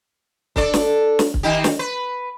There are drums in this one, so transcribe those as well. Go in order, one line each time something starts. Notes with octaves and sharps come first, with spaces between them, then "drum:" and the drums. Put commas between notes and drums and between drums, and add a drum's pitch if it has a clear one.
D4 A4 D5, drum: kick
drum: snare
drum: snare
drum: kick
D#3 D#4 G4
drum: snare
B4